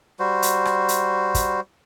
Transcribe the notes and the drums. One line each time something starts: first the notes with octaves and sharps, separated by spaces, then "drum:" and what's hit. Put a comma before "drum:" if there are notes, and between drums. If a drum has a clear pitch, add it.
G3 F#4 C5
drum: hi-hat
drum: rim click
drum: hi-hat
drum: kick, hi-hat